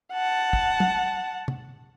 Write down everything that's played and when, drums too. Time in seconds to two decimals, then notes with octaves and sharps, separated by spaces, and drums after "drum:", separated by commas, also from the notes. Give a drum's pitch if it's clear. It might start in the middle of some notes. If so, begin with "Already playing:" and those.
0.13 F#5 A5
0.53 drum: kick
0.80 drum: tom
1.48 drum: tom